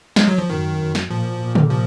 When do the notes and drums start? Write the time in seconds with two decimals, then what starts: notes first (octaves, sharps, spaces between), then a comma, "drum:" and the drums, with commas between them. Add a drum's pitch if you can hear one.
0.16 G#3, drum: snare
0.28 F#3
0.38 F3
0.50 F#2 D#3
0.79 F#2
0.95 drum: snare
1.10 A#2 F3
1.41 A#2
1.55 drum: tom
1.70 F3